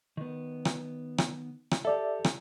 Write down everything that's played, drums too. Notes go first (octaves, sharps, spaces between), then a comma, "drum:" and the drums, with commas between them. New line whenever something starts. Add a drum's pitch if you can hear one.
D#3 B3
drum: rim click
drum: rim click
drum: rim click
G4 A4 D5 E5
drum: rim click